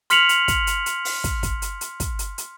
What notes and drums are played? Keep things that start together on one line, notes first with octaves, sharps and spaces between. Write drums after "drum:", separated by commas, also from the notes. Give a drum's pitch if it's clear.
C6 F6 B6 C#7 F7 F#7, drum: hi-hat
drum: hi-hat
drum: kick, hi-hat
drum: hi-hat
drum: hi-hat
drum: open hi-hat
drum: kick, hi-hat
drum: kick, hi-hat
drum: hi-hat
drum: hi-hat
drum: kick, hi-hat
drum: hi-hat
drum: hi-hat